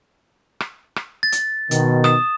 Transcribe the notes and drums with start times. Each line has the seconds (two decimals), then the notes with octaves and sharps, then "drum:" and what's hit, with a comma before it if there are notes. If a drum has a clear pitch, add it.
0.60 drum: rim click
0.96 drum: rim click
1.23 A6
1.32 drum: hi-hat
1.71 B2 D#3, drum: hi-hat
2.04 D#6 E7, drum: rim click